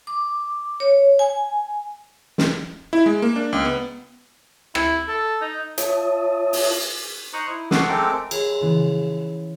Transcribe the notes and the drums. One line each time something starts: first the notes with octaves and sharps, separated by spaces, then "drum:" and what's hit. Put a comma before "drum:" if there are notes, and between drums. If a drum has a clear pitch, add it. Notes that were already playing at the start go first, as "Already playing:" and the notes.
D6
C#5
G#5
drum: snare
E4
G#3
A#3
D4
C#2
B3
E4, drum: rim click
A4
D#4
F4 C#5 E5 A5 D#6, drum: hi-hat
drum: open hi-hat
D#4 C5 A#5 C#6 D#6 F#6
E4
F#4 A4 F#5 C6 D6 D#6, drum: snare
G#3 A3 C4 A4 A#4 D6
G#4 A#4 C#5 B5 C6 E6, drum: cymbal
C#3 E3 F3 B3